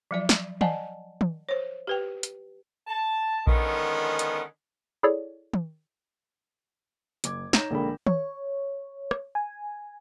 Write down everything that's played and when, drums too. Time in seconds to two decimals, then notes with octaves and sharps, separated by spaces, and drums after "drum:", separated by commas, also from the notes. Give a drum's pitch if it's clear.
0.11 F3 F#3 D5
0.29 drum: snare
0.61 D5 D#5 F#5 G#5 A5, drum: tom
1.21 drum: tom
1.49 C5 C#5
1.87 G4 B4 G5
2.23 drum: hi-hat
2.87 A5
3.47 D3 D#3 F3 G#3 B3 C#4, drum: kick A#1
4.19 drum: hi-hat
5.03 E4 G#4 A4 C#5 D5
5.53 drum: tom
7.24 F#1 D6 G#6, drum: hi-hat
7.53 D#4 C#5 A#5 G6 A#6 E7, drum: snare
7.71 A#1 D3 G#3 A#3 G5 B5
8.07 C#5, drum: tom
9.11 drum: rim click
9.35 G#5